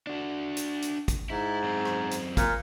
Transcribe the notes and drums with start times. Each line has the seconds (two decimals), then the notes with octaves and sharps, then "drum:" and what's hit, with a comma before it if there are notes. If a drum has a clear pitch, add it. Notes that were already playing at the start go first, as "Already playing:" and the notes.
0.07 D4 F#4
0.57 drum: hi-hat
0.82 drum: hi-hat
1.08 drum: kick, hi-hat
1.30 G#2 E4
1.64 F#2 C4
1.85 drum: rim click
2.11 drum: hi-hat
2.37 A#2, drum: kick, hi-hat